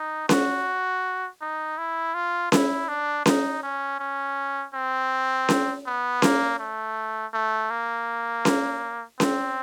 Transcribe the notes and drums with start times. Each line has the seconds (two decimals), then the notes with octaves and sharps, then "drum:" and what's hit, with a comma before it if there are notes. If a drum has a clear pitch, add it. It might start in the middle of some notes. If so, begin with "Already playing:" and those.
Already playing: D#4
0.29 F#4, drum: snare C#4
1.41 D#4
1.78 E4
2.15 F4
2.52 E4, drum: snare C#4
2.89 D4
3.26 D#4, drum: snare C#4
3.63 C#4
4.00 C#4
4.74 C4
5.49 drum: snare C#4
5.86 B3
6.22 A#3, drum: snare C#4
6.59 A3
7.34 A3
7.70 A#3
8.45 drum: snare C#4
9.20 C4, drum: snare C#4